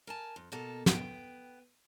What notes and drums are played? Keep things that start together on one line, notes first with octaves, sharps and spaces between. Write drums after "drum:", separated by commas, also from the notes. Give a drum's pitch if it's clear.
A#4 G#5 A5
F2
B2 A#3 A4
B3 G5, drum: snare